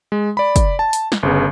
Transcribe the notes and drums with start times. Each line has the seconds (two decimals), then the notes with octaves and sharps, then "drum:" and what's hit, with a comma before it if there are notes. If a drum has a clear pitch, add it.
0.12 G#3
0.37 D5 B5
0.56 drum: kick, hi-hat
0.79 A5
0.93 drum: hi-hat
1.12 drum: snare
1.23 G1 C#3 B3